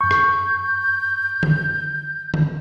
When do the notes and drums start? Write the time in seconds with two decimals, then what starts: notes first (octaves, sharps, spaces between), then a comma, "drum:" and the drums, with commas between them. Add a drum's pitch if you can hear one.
0.01 F#2 C#6 G6
0.11 drum: rim click
1.43 drum: tom D3
2.34 drum: tom D3